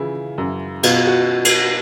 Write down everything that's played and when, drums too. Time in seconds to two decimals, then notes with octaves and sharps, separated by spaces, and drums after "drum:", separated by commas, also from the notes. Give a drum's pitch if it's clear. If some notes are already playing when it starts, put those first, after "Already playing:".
Already playing: C#3 E3 E4 F4
0.38 F#2
0.83 B2 F4, drum: cymbal
1.07 F#4
1.45 drum: cymbal